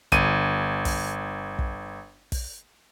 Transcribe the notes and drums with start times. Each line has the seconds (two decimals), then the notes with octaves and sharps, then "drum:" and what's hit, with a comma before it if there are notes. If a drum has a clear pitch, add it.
0.12 G1 D#7, drum: kick, hi-hat
0.85 drum: kick, open hi-hat
1.59 drum: kick
2.32 drum: kick, open hi-hat